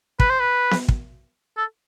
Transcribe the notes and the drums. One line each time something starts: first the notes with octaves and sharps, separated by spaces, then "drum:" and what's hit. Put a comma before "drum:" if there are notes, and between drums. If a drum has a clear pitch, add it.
B4, drum: kick
C5
B4
drum: snare B3
drum: kick
A4